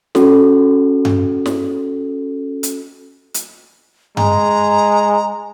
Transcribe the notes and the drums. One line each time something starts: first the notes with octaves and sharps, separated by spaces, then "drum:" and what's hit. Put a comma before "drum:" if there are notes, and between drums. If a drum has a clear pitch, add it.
C#4 F#4 A4, drum: snare
drum: tom G2
drum: snare
drum: hi-hat
drum: hi-hat
G#3 A#5, drum: tom G2